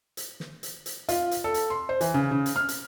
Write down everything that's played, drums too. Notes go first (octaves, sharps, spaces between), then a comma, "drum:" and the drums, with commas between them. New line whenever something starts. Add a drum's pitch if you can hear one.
drum: hi-hat
drum: snare
drum: hi-hat
drum: hi-hat
F4, drum: hi-hat
drum: hi-hat
A4
drum: hi-hat
C6
C5
E3, drum: hi-hat
C#3
C#3
drum: hi-hat
F6
drum: hi-hat